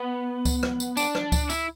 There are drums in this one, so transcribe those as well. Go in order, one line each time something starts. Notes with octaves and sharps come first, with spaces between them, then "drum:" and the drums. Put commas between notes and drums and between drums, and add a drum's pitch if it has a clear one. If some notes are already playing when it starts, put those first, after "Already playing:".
Already playing: B3
drum: kick C#2, tambourine
drum: rim click
drum: tambourine
D4, drum: tambourine
drum: rim click
drum: kick C#2, tambourine
E4, drum: tambourine